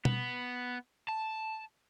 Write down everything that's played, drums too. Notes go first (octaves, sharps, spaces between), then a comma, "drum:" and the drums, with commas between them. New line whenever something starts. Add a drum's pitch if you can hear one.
B3, drum: tom B2
A5